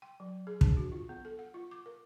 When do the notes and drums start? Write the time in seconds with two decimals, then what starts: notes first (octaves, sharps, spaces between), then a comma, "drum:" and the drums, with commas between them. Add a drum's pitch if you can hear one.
0.02 G5
0.20 F#3
0.47 G#4
0.61 D4, drum: kick
0.77 F#4
0.92 F4
1.09 B3
1.25 A4
1.39 F#5
1.54 F4
1.71 D6
1.86 A#4